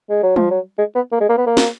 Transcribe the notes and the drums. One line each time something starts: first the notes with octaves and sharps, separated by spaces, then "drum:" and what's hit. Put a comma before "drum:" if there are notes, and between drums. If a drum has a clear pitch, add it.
G#3
F#3
F3, drum: tom G3
F#3
G#3
B3
A#3
G#3
A#3
B3
A#3
drum: snare